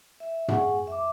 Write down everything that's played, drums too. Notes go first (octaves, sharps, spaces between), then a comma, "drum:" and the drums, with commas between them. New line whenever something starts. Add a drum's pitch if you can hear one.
E5
G#4 F#5 G#5 C#6, drum: tom
E5 D6